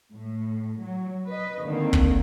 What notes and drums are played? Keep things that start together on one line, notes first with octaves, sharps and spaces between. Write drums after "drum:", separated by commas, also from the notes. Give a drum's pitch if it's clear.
A2
F#3
B4 D#5
D3 D#3 A#3 C4
drum: kick